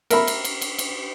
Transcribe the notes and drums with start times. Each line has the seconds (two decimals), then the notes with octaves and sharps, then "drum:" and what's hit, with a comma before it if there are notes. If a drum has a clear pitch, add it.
0.10 A#4 E5 B5, drum: cymbal
0.27 drum: cymbal
0.44 drum: cymbal
0.62 drum: cymbal
0.79 drum: cymbal